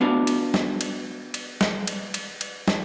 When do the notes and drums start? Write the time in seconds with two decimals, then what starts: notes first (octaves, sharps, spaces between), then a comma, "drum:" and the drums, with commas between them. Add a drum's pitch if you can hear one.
0.01 B3 D4 F#4 F5 A5
0.27 drum: cymbal
0.54 drum: snare
0.81 drum: cymbal
1.34 drum: cymbal
1.61 drum: snare
1.87 drum: cymbal
2.14 drum: cymbal
2.41 drum: cymbal
2.68 drum: snare